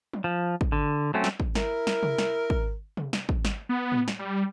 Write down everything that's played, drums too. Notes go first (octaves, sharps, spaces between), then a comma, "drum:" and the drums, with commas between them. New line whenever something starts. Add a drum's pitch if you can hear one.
drum: tom F3
F3
drum: kick
D3
F#3 A3 C4 C#4
drum: snare
drum: kick
E4 A#4, drum: snare
drum: snare
drum: tom C3
drum: snare
drum: kick
drum: tom C3
drum: snare
drum: kick
drum: snare
B3
drum: tom A2
drum: snare
G3